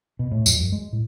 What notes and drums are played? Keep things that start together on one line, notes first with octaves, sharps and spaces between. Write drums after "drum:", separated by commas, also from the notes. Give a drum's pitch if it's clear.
B2
A2
F2, drum: tambourine
F#2
G#3
A2